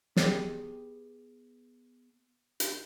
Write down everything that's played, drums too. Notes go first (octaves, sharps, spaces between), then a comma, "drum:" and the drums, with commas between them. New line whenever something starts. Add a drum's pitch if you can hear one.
B3 G4 G#4 D#5 G5, drum: snare
drum: hi-hat